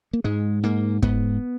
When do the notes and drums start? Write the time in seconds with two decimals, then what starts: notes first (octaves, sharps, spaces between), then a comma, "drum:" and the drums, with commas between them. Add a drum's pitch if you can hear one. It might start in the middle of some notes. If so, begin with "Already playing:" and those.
0.13 A#3
0.24 G#2 G#3
0.63 G#2 A#3
1.02 G#2 B3, drum: kick